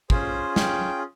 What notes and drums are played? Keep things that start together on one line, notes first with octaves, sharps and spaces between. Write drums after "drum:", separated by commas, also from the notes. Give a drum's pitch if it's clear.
C#4 F4 G#4 C5, drum: kick
G5, drum: snare